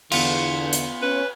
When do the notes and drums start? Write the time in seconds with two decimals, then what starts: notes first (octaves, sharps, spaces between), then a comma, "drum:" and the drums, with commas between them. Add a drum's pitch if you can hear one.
0.12 E2 D3 B3 F4, drum: cymbal
0.73 drum: hi-hat
1.02 C#4 B4